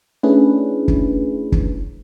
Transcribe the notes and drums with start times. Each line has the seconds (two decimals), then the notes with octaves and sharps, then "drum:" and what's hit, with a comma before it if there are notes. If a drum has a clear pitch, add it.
0.23 A3 C#4 D4 E4 G#4 B4
0.88 drum: kick
1.52 drum: kick